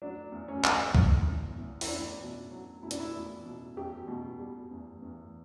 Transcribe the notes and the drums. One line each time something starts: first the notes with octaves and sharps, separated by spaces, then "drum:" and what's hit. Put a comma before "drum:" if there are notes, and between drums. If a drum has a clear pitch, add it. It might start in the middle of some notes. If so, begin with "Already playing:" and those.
F#3 D4
E2
C#4
F#3, drum: clap
E2, drum: kick C2
E2
E2
E4, drum: open hi-hat
E2 D4
B2
F#3
B2 E4
D4, drum: hi-hat
E4
E2
B2
E2 G4
B2
G3
E2
E2